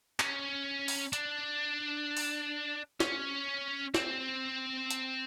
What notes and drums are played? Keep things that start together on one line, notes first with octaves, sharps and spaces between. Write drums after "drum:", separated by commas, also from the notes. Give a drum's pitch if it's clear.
C#4, drum: clap
drum: open hi-hat
D4, drum: hi-hat
drum: open hi-hat
C#4, drum: snare
C4, drum: snare
drum: hi-hat